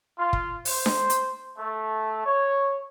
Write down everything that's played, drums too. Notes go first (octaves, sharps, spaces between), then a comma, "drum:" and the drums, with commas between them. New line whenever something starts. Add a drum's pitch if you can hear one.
F4
drum: kick
C5, drum: open hi-hat
drum: snare D4
drum: hi-hat
A3
C#5